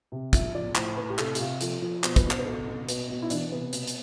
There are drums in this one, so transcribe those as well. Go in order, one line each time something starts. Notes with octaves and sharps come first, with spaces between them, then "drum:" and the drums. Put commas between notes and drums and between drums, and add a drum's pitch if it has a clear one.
C3
F3 E5, drum: kick, hi-hat
F3 D5
A2 C5, drum: clap
A2 B4
G4
C3 A4, drum: clap
G4, drum: hi-hat
C3 F4
F3 A4, drum: hi-hat
F3
B2 C5, drum: clap
B4, drum: kick, hi-hat
B2
C5, drum: clap
B4
B2 A4
B2
B2 B3, drum: hi-hat
B2
E4
E3 D4, drum: hi-hat
C3 B3
B2, drum: hi-hat
drum: hi-hat